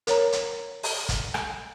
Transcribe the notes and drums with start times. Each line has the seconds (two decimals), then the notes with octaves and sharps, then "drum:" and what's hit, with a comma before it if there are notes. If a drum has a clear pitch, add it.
0.07 A#4 C#5 A#5, drum: hi-hat
0.32 drum: hi-hat
0.83 drum: open hi-hat
1.09 drum: kick, hi-hat
1.34 drum: rim click